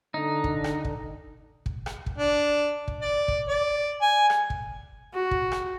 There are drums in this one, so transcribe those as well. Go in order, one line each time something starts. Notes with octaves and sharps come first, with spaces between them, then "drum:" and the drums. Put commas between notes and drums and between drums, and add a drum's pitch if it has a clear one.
D3 D#4
drum: kick
drum: rim click
drum: kick
drum: kick
drum: rim click
drum: kick
D4
drum: kick
D5
drum: kick
D5
G#5
drum: rim click
drum: kick
F#4
drum: kick
drum: rim click